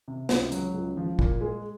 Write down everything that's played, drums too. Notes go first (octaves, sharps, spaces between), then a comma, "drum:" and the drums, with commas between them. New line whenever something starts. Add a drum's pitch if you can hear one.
C3
C#2, drum: snare
F#3, drum: hi-hat
C#2
F3
A#2, drum: kick
G#3